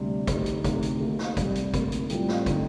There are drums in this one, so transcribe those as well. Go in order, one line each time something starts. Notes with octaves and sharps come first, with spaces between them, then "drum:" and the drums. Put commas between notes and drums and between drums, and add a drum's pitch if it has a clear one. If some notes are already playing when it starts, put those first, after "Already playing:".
Already playing: D2 C3 G3 D4 G4
D3 A3 D#4 G4, drum: kick, hi-hat
drum: hi-hat
D2 C3 D#3 A3, drum: kick, hi-hat
drum: hi-hat
D#2 D#3 A3
drum: snare
C2 C3 G3, drum: kick, hi-hat
drum: hi-hat
D2 C3 D#3 A#3, drum: kick, hi-hat
drum: hi-hat
A2 G3 C4 F4 A4, drum: hi-hat
drum: snare
D3 A3 C4 D#4, drum: kick, hi-hat